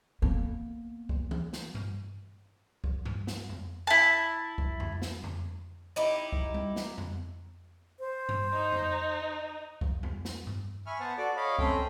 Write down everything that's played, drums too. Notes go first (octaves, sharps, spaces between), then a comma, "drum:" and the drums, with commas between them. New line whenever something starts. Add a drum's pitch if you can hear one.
A#3 B3
drum: kick C2
drum: tom E3
drum: snare
drum: tom G2
drum: kick C2
drum: tom G2
drum: snare
drum: tom F2
E4 A5
drum: kick C2
drum: tom F2
drum: snare
drum: tom F2
D#4 E4 G4
drum: kick C2
drum: tom G3
drum: snare
drum: tom F2
C5
drum: tom G2
D#4
drum: tom F2
drum: kick C2
drum: tom F2
drum: snare
drum: tom G2
E5 G#5 B5 C#6 F6
B3 C5 F#5 A5
F#4 A4 D5 D6
C#5 D#5 F5 B5
A3 C4 C#4 C5 G5, drum: kick C2